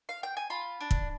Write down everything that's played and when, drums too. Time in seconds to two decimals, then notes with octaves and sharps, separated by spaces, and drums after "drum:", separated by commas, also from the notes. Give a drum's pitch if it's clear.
0.09 F5
0.23 G5
0.37 G#5
0.50 F4 B5
0.81 D4
0.91 drum: kick